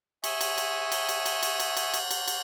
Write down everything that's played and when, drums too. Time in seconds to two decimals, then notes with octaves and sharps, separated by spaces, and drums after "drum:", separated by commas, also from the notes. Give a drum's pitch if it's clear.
0.24 E5 G#5 C#6 D#6, drum: cymbal
0.41 drum: cymbal
0.58 drum: cymbal
0.92 drum: cymbal
1.09 drum: cymbal
1.26 drum: cymbal
1.43 drum: cymbal
1.60 drum: cymbal
1.77 drum: cymbal
1.94 drum: cymbal
2.11 drum: cymbal
2.28 drum: cymbal